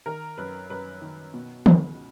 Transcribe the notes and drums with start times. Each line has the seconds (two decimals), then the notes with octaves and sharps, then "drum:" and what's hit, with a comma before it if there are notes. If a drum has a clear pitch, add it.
0.06 D#3 A#4
0.38 F#2 B4
0.70 F#2 B4
1.02 D#3
1.34 B2
1.66 C#2, drum: tom